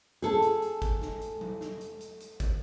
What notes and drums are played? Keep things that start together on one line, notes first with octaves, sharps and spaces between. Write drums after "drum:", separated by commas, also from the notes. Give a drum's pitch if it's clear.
G#4 A4, drum: hi-hat
drum: hi-hat
drum: hi-hat
drum: kick, hi-hat
drum: snare
drum: hi-hat
drum: tom F#3
drum: snare
drum: hi-hat
drum: hi-hat
drum: hi-hat
drum: kick, hi-hat